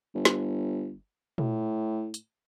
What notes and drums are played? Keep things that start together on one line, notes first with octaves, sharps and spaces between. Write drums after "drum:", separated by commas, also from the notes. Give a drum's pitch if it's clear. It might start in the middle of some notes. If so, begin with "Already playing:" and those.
G1
drum: snare
A2, drum: tom A#2
drum: hi-hat